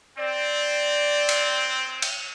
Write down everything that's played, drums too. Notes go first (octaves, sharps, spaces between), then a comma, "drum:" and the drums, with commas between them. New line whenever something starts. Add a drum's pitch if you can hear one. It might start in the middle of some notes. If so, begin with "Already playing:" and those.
C4 D5
drum: cymbal
drum: cymbal